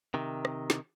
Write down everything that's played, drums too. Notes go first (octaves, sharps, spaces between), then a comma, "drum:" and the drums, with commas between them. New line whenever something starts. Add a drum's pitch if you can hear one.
C3 D#3
drum: rim click
drum: snare